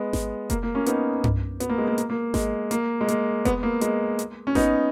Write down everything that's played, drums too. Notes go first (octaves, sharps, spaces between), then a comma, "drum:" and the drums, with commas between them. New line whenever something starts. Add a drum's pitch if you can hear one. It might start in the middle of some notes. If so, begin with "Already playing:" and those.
Already playing: G#3 B3
drum: snare G#1
A#3, drum: kick F1, hi-hat
A#3
A#3 C#4
B3 D#4, drum: hi-hat
drum: tom G2
B3, drum: hi-hat
A#3
G#3
A#3
A#3, drum: hi-hat
A#3
G#3, drum: snare G#1
A#3, drum: hi-hat
G#3
A#3, drum: hi-hat
G#3 B3, drum: kick F1, hi-hat
A#3
G#3, drum: hi-hat
drum: hi-hat
C#4
B3 D#4, drum: snare G#1